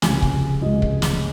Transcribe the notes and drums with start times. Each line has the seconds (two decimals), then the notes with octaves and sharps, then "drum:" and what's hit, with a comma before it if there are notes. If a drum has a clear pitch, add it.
0.02 C#2 C3 F3 G#3 G#5, drum: snare
0.22 drum: kick
0.62 C#2 C3 F3 G#3 D#5
0.82 drum: kick
1.02 drum: snare